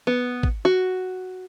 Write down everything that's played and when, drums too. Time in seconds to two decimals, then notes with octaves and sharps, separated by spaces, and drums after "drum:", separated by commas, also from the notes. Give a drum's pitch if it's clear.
0.07 B3
0.43 drum: kick
0.65 F#4